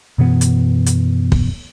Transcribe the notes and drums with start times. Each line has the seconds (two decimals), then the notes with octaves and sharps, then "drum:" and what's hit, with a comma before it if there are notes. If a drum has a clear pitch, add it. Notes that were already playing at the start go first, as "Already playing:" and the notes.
0.18 F#2 B2 E3 B3
0.41 drum: hi-hat
0.86 drum: hi-hat
1.32 drum: kick